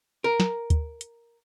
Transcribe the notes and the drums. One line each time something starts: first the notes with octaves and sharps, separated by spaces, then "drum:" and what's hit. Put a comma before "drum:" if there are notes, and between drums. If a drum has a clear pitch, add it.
A#4
drum: snare
drum: kick, hi-hat
drum: hi-hat